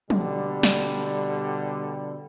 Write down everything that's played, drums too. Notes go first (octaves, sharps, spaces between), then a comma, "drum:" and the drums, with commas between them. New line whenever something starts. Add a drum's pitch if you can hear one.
B2 D3 G3, drum: tom
drum: snare